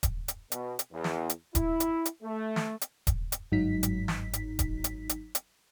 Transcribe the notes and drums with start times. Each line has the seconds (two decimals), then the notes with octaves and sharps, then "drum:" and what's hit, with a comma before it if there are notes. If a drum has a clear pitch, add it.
0.03 drum: kick D#1, hi-hat
0.28 drum: hi-hat
0.52 B2, drum: hi-hat
0.79 drum: hi-hat
0.92 E2
1.04 drum: snare
1.30 drum: hi-hat
1.55 E4, drum: kick D#1, hi-hat
1.80 drum: hi-hat
2.05 drum: hi-hat
2.23 A3
2.56 drum: snare
2.81 drum: hi-hat
3.07 drum: kick D#1, hi-hat
3.32 drum: hi-hat
3.52 G1 G#2 F#3 D#4 B6
3.83 drum: hi-hat
4.08 drum: snare
4.33 drum: hi-hat
4.59 drum: kick D#1, hi-hat
4.84 drum: hi-hat
5.09 drum: hi-hat
5.35 drum: hi-hat